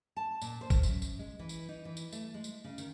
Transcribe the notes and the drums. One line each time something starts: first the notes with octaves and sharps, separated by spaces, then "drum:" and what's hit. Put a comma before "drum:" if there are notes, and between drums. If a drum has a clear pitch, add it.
A5
A#2, drum: tambourine
C5
drum: kick, tambourine
F#2, drum: tambourine
drum: tambourine
G#3
E3
drum: tambourine
D#4
E3
drum: tambourine
A3, drum: tambourine
G#3
drum: tambourine
C#3
D#3, drum: tambourine